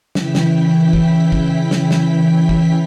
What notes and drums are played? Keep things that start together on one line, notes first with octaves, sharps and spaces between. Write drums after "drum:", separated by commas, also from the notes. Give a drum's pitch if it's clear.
C#3 E3 E4 G5 B6, drum: snare
drum: snare
drum: kick
drum: kick
drum: snare
drum: snare
drum: kick